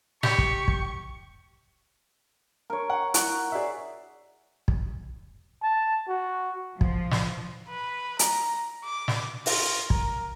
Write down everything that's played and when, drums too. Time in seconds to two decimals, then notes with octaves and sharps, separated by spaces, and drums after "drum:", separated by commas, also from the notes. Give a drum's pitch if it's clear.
0.23 G4 C#6, drum: snare
0.38 drum: kick
0.68 drum: kick
2.70 A#4 C#5
2.90 F#5
3.14 E4 F#4, drum: hi-hat
3.52 G#4 D5 E5
4.68 drum: kick
5.63 A5
6.08 F#4
6.81 F3, drum: kick
7.11 drum: snare
7.69 B4
8.19 A#5, drum: hi-hat
8.84 D6
9.08 drum: snare
9.46 F4, drum: open hi-hat
9.90 A#4, drum: kick